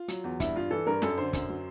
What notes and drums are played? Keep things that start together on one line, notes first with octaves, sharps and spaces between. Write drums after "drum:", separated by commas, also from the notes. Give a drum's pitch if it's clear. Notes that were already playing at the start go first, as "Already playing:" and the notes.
Already playing: F4
F#3, drum: hi-hat
E2
G2 E4, drum: kick, hi-hat
G2 F4
E3 A4
G2 A#4
F#2 A4, drum: snare
D3 C5
F#2, drum: kick, hi-hat
F#3